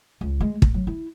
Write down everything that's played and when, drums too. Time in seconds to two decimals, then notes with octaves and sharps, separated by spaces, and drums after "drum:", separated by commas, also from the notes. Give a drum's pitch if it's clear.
0.21 C#2
0.40 G#3
0.62 D1, drum: kick
0.74 F#3
0.87 E4